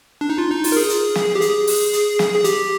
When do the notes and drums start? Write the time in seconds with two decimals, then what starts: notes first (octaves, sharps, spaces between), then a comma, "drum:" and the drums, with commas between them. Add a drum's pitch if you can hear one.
0.21 D4
0.30 D#4
0.38 F4
0.51 D#4
0.64 F4, drum: open hi-hat
0.72 A#4
0.77 G#4
0.90 drum: hi-hat
1.15 drum: snare
1.35 G4
1.42 G#4, drum: hi-hat
1.67 drum: open hi-hat
1.93 drum: hi-hat
2.19 drum: snare
2.35 G#4
2.44 G4, drum: hi-hat